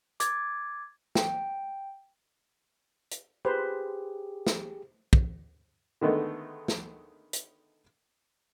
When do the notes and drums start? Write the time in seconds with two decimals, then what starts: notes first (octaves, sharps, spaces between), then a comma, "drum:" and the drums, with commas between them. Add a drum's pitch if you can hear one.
0.20 D6 G#6 A6, drum: hi-hat
1.15 G5, drum: snare
3.11 drum: hi-hat
3.45 G4 G#4 B4 C5
4.47 drum: snare
5.13 drum: kick
6.01 D3 D#3 G#3 A3 B3
6.68 drum: snare
7.33 drum: hi-hat